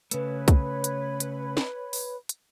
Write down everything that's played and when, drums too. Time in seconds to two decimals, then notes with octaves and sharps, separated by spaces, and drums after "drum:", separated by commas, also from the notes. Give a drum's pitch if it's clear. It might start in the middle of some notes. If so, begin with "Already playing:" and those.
0.11 C#3 A3 B4 C#5 B5, drum: hi-hat
0.48 drum: kick, hi-hat
0.84 drum: hi-hat
1.20 drum: hi-hat
1.57 drum: snare
1.93 drum: open hi-hat
2.29 drum: hi-hat